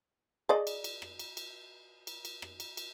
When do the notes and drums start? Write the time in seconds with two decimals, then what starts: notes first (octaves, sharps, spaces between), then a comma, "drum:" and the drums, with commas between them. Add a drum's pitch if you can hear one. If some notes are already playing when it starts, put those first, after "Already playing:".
0.49 G#4 D5 D#5
0.67 drum: cymbal
0.84 drum: cymbal
1.02 drum: rim click
1.19 drum: cymbal
1.37 drum: cymbal
2.07 drum: cymbal
2.25 drum: cymbal
2.42 drum: rim click
2.60 drum: cymbal
2.77 drum: cymbal